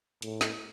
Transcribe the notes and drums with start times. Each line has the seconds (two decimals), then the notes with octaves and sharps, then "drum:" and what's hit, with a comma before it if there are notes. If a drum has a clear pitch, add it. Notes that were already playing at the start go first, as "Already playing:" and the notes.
0.22 A2, drum: hi-hat
0.41 drum: snare